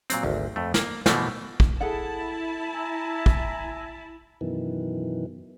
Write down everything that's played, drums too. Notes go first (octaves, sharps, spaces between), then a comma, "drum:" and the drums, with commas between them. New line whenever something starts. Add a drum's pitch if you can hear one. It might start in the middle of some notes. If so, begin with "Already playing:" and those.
A#2 F#3 C4, drum: hi-hat
G#1 D2
F2 A3
A#3, drum: snare
B2 E3 F3 A3 A#3, drum: snare
drum: kick
E4 G#4 A4 F#5 A5 B5
E5 G#5 A#5
drum: kick
F#2 B2 D#3 E3